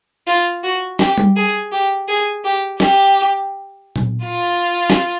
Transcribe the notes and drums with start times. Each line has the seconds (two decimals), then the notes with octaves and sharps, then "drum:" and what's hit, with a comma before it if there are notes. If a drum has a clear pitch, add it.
0.27 F4, drum: open hi-hat
0.64 F#4
0.99 G4, drum: snare
1.18 drum: tom G3
1.36 G#4
1.72 G4
2.08 G#4
2.44 G4
2.80 G4, drum: snare
3.96 drum: tom A#2
4.24 F4
4.90 drum: snare